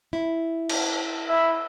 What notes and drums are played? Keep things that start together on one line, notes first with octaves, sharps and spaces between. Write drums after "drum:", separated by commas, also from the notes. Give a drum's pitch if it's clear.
E4
drum: cymbal
E4 E5